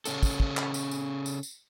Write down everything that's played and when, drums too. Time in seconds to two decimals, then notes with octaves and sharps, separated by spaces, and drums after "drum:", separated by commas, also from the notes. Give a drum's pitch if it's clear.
0.05 C#3 C#4 A4, drum: tambourine
0.23 drum: kick, tambourine
0.40 drum: kick
0.57 drum: clap
0.74 drum: tambourine
0.91 drum: tambourine
1.26 drum: tambourine
1.43 drum: tambourine